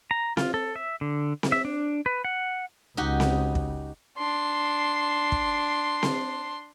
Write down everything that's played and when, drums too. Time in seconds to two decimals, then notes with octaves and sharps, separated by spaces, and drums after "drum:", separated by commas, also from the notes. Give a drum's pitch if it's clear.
0.11 A#5
0.37 F4, drum: snare C4
0.54 A4
0.76 E5
1.01 D3
1.43 drum: snare C4
1.52 E5
1.65 D4
2.06 B4
2.25 F#5
2.97 C#2 C#3 D#4 F#4 G4
3.20 drum: snare C4
3.55 drum: kick
4.18 D4 C6
5.32 drum: kick
6.03 drum: snare C4